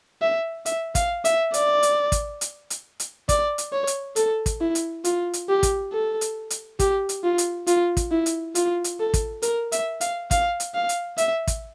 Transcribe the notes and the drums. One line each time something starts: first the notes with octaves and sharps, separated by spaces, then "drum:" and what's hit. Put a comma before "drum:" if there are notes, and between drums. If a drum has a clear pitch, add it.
E5
E5, drum: hi-hat
F5, drum: kick, hi-hat
E5, drum: hi-hat
D5, drum: hi-hat
drum: hi-hat
drum: kick, hi-hat
drum: hi-hat
drum: hi-hat
drum: hi-hat
D5, drum: kick, hi-hat
drum: hi-hat
C#5
drum: hi-hat
A4, drum: hi-hat
drum: kick, hi-hat
E4
drum: hi-hat
F4, drum: hi-hat
drum: hi-hat
G4
drum: kick, hi-hat
A4
drum: hi-hat
drum: hi-hat
G4, drum: kick, hi-hat
drum: hi-hat
F4
drum: hi-hat
F4, drum: hi-hat
drum: kick, hi-hat
E4
drum: hi-hat
F4, drum: hi-hat
drum: hi-hat
A4
drum: kick, hi-hat
A#4, drum: hi-hat
E5, drum: hi-hat
F5, drum: hi-hat
F5, drum: kick, hi-hat
drum: hi-hat
F5
drum: hi-hat
E5, drum: hi-hat
drum: kick, hi-hat